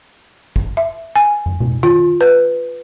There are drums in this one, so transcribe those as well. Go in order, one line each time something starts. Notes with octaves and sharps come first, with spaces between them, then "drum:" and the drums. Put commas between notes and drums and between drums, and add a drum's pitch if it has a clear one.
drum: kick
E5
G#5
drum: tom
drum: tom
F4, drum: tom
B4